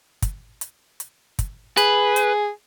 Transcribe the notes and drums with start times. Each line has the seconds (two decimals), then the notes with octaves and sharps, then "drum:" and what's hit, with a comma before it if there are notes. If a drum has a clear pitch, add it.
0.22 drum: kick, hi-hat
0.61 drum: hi-hat
1.00 drum: hi-hat
1.39 drum: kick, hi-hat
1.77 G#4 B4, drum: hi-hat
2.16 drum: hi-hat